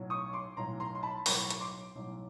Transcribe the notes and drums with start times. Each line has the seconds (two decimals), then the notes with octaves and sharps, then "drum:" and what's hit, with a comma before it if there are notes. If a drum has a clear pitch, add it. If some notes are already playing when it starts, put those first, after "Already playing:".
Already playing: B1 A2 F#3
0.10 C#6 D#6
0.33 C6 D6
0.57 B1 A2 F#3 A#5 C6
0.80 A#5 C6
0.95 C6
1.03 A5 B5
1.26 B1 A2 F#3 B5 C#6, drum: open hi-hat
1.50 drum: hi-hat
1.60 C6 D6
1.95 B1 A2 F#3